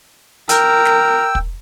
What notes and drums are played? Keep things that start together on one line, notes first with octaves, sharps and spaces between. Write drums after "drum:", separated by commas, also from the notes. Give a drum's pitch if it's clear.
A#4 G5 E6, drum: hi-hat
drum: snare
drum: kick